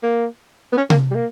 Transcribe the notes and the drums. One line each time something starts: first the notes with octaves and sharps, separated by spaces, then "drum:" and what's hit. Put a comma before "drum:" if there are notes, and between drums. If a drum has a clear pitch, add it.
A#3
B3
C#4
A#3, drum: tom C3
G3
A#3